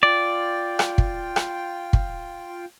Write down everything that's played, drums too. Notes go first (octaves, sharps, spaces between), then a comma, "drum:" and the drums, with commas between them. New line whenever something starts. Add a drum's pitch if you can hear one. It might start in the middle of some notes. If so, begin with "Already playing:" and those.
F4 D5 G5
drum: rim click
drum: kick
drum: rim click
drum: kick